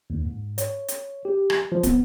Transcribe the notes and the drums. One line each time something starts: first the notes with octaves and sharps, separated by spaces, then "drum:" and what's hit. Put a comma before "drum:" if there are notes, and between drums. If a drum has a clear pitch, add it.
D#2
G#2
C#5, drum: hi-hat
drum: hi-hat
G4
drum: rim click
F3
B3, drum: kick, hi-hat